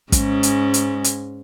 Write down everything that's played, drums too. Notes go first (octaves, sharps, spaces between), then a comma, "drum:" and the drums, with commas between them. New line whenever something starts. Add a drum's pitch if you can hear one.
G#2 G#3 C#4, drum: kick, hi-hat
drum: hi-hat
drum: hi-hat
drum: hi-hat